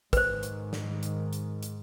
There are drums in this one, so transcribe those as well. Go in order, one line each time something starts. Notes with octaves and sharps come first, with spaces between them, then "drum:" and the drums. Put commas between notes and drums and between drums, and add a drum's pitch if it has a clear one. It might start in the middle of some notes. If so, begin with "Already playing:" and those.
G#2 D#3 B4 C5, drum: kick, hi-hat
drum: hi-hat
drum: snare
drum: hi-hat
drum: hi-hat
drum: hi-hat